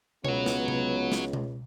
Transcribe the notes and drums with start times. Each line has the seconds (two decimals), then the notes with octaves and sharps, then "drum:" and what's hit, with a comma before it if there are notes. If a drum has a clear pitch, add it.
0.25 C#2 B3 F#4 C#5, drum: tom B2
0.46 drum: snare
0.68 drum: tom C3
1.12 drum: snare
1.33 drum: tom B2